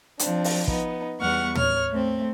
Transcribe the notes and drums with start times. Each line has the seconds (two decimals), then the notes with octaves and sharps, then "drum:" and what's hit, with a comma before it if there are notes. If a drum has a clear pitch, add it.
0.19 F3 C4 D4, drum: hi-hat
0.44 drum: open hi-hat
0.67 B3 D#4, drum: kick
1.20 E2 G3 B3 F#5 C#6 F6
1.55 C#5 F6, drum: tom
1.90 A3 C4